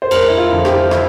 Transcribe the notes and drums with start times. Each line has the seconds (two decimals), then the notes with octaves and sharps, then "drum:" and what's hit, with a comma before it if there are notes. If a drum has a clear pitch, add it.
0.02 C5
0.11 F1 A#4, drum: cymbal
0.28 E4
0.38 F4
0.51 F2 D3 F3
0.65 G4, drum: rim click
0.91 E4, drum: rim click